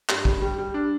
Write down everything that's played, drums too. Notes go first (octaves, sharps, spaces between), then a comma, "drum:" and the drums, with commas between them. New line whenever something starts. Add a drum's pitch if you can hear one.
G2, drum: clap
G2, drum: kick
G3
G3
D4